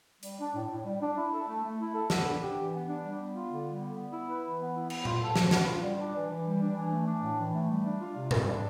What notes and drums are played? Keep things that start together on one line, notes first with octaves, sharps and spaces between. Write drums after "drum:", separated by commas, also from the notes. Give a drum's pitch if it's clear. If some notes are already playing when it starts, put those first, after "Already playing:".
G3, drum: hi-hat
D4
A2
A2
G3
D4
E4
A4
A3
A3
E4
A4
B3, drum: snare
D4
G4
E3
B3
D4
G3
B3
F4
D3
G3
B3
B3
E4
B4
E3
B3
E4
B3, drum: cymbal
F4, drum: tom A#2
A4
F3, drum: snare
B3, drum: snare
F4
G3
D4
E3
E3
G3
D4
E3
A3
D4
A2
E3
A3
G3
D4
F4
C3
G3, drum: tom G#2
D4